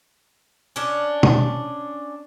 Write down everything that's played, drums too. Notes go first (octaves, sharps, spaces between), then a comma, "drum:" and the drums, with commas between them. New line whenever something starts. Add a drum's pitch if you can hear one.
C#4 D4
drum: tom